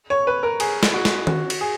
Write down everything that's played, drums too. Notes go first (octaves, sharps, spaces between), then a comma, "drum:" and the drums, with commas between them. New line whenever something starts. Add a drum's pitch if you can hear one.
C#5
B4
A#4
G#4, drum: cymbal
drum: snare
F#4
drum: snare
F#4, drum: tom D#3
drum: cymbal
G#4